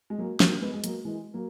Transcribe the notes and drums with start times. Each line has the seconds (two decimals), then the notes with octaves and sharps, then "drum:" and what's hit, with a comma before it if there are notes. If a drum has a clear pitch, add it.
0.10 G#3
0.19 F#3 A#3
0.40 F#3 A#3, drum: snare
0.62 G#3 B3
0.74 G#3
0.84 F#3 A#3, drum: hi-hat
1.05 E3 G#3
1.34 F#3 A#3